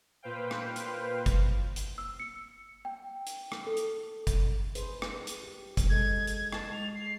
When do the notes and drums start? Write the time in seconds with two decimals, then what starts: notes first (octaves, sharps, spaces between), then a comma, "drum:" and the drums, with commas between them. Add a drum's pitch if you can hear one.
0.22 A#2 B4 C5 F5 G5
0.51 drum: rim click
0.76 drum: hi-hat
1.26 drum: kick G1, hi-hat
1.76 drum: hi-hat
1.98 E6
2.20 C#7
2.85 G5
3.27 drum: hi-hat
3.52 drum: rim click
3.67 A4
3.77 drum: hi-hat
4.27 drum: kick G1, hi-hat
4.75 G#4 B4 C5, drum: hi-hat
5.02 drum: rim click
5.27 drum: hi-hat
5.43 G4
5.77 drum: kick G1, hi-hat
5.90 G#3 A4 D#5 G#6
6.27 drum: hi-hat
6.52 D#5 A5, drum: rim click
6.72 G#3 F7
6.95 C7